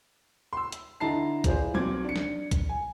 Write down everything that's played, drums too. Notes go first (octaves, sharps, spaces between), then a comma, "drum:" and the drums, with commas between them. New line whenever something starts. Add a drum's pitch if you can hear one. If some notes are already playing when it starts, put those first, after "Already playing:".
C6 E6
drum: hi-hat
D3 E4 D#5 A5 A#5 C7
E3 F4 G#4 C5 D5, drum: kick B1, hi-hat
B1 C4 D6 G#6
D4 C#7
drum: snare
drum: kick B1, hi-hat
G#5